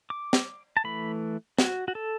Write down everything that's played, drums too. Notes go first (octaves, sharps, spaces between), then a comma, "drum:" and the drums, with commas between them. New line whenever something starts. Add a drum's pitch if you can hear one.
D6
drum: snare
A5
E3 A3 B5
F#4, drum: snare
F#4
A4